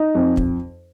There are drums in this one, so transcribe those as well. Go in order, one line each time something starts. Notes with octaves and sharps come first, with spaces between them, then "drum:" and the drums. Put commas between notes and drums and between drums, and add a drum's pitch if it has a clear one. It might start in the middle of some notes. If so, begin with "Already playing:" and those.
Already playing: D#4
F2
drum: kick